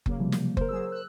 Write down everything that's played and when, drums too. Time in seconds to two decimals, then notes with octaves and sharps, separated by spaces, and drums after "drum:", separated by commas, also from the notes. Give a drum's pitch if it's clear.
0.06 C#3 F#3 A#3, drum: kick F#1
0.20 C3 F3 G3
0.32 drum: snare
0.57 A#4 C5, drum: kick F#1
0.69 F#3 G#4 E6
0.91 E6 F#6